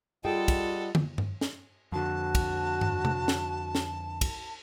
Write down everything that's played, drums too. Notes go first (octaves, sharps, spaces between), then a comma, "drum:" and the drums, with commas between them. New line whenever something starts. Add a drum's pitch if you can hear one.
G3 F4 G#4 A4 D#5 F#5 G5
drum: kick, cymbal
drum: tom D3
drum: tom G2
drum: snare
F2 D3 F#4 A5
drum: kick, cymbal
drum: tom G2
drum: tom C3
drum: snare
drum: snare
drum: kick, cymbal